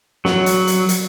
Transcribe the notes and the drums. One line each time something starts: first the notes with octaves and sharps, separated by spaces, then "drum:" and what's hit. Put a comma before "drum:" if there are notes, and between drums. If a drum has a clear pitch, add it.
F#3, drum: snare
drum: hi-hat
drum: hi-hat
drum: hi-hat